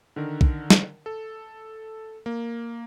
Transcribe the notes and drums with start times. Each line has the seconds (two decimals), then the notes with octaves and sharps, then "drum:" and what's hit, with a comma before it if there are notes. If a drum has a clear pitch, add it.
0.16 D3 D#3 A#4
0.41 drum: kick
0.70 drum: snare
1.06 A4
2.26 A#3